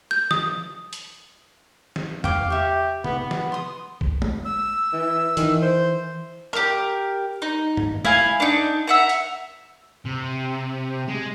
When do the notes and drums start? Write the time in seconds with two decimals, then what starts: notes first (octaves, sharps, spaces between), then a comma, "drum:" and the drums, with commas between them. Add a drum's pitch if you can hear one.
0.11 G6
0.31 D#6, drum: snare
0.93 drum: hi-hat
1.96 drum: snare
2.24 F5 G5 D6, drum: tom E2
2.50 G4 E5 C#6
3.04 B3, drum: tom C3
3.18 B3
3.31 drum: snare
3.52 C6 D#6
4.01 drum: kick A#1
4.22 drum: tom G#3
4.45 E6
4.93 E3
5.37 D#3 E3, drum: hi-hat
5.62 C5
6.53 G4 A#4, drum: clap
7.42 D#4
7.77 drum: tom G2
8.05 E4 F5 G#5, drum: tom G#3
8.40 D4 D#4
8.87 E5 F#5 A#5
9.09 drum: hi-hat
10.05 C3
11.08 G#3